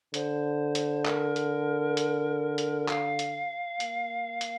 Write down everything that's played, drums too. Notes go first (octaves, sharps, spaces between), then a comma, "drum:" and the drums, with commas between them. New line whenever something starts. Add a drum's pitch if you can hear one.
D3 C5, drum: hi-hat
drum: hi-hat
A#4, drum: clap
drum: hi-hat
drum: hi-hat
drum: hi-hat
F5, drum: clap
drum: hi-hat
A#3, drum: hi-hat
drum: hi-hat